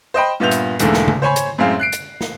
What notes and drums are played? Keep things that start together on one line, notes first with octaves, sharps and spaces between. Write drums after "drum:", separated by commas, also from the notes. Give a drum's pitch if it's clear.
C5 D#5 G5 B5
G2 A#2 B3 E5 G6 F7
drum: hi-hat
E1 E2 G#2 D3 A3 A#3, drum: hi-hat
drum: snare
drum: tom C#3
C5 C#5 G#5 B5
drum: hi-hat
F#2 A2 G#3 C4 F5
F#6 C7 D7
drum: hi-hat
drum: snare